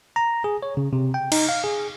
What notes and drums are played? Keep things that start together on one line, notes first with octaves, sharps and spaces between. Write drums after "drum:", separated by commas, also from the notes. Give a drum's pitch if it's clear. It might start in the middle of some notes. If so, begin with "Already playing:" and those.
A#5
G#4
C#5
C#3
C3
G5
D#4, drum: cymbal
F5
G#4